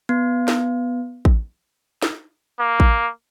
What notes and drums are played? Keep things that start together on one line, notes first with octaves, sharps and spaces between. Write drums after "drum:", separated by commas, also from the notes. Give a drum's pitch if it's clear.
B3
drum: snare
drum: kick A1
drum: snare
A#3
drum: kick A1